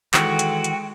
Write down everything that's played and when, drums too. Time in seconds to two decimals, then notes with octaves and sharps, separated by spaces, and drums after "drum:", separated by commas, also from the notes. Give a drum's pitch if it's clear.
0.14 D#3 E3 G#3 F#4 A4 G5, drum: clap
0.39 drum: hi-hat
0.64 drum: hi-hat